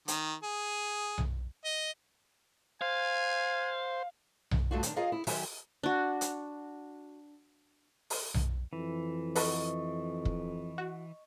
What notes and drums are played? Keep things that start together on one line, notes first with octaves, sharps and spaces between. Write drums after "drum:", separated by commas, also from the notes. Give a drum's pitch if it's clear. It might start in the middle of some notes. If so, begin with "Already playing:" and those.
D#3, drum: hi-hat
G#4
drum: tom B1
D#5
C5 F5 G#5
drum: tom B1
G2 A3 D4 F4 F#4
D#3 D4, drum: hi-hat
F4 G#4 A#4 D#5 F5 A#5
E4
D#3 F#3 G4 E5 G#5, drum: open hi-hat
D4 F#4
drum: hi-hat
drum: open hi-hat
drum: tom B1
F2 E3
F#4 A4 B4 D#5 C#6, drum: open hi-hat
drum: kick
F#4